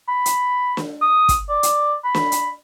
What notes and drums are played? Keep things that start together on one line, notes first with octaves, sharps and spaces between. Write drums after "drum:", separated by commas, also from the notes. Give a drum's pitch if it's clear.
B5
drum: hi-hat
drum: snare
D#6
drum: kick, hi-hat
D5
drum: hi-hat
B5
drum: snare
drum: hi-hat